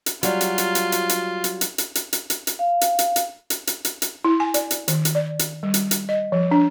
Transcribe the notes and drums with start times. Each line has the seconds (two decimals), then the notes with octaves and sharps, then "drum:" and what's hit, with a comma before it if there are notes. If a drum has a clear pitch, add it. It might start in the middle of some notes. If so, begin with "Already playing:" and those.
0.06 drum: hi-hat
0.23 F#3 G3 F4, drum: hi-hat
0.41 drum: hi-hat
0.58 drum: hi-hat
0.75 drum: hi-hat
0.92 drum: hi-hat
1.09 drum: hi-hat
1.44 drum: hi-hat
1.61 drum: hi-hat
1.78 drum: hi-hat
1.95 drum: hi-hat
2.13 drum: hi-hat
2.30 drum: hi-hat
2.47 drum: hi-hat
2.59 F5
2.81 drum: hi-hat
2.99 drum: hi-hat
3.16 drum: hi-hat
3.50 drum: hi-hat
3.67 drum: hi-hat
3.85 drum: hi-hat
4.02 drum: hi-hat
4.25 E4
4.40 G#5
4.54 D5, drum: hi-hat
4.71 drum: hi-hat
4.88 D#3, drum: hi-hat
5.05 drum: hi-hat
5.15 D5
5.39 drum: hi-hat
5.63 G3
5.74 drum: hi-hat
5.91 drum: hi-hat
6.09 D#5
6.32 F3
6.51 D4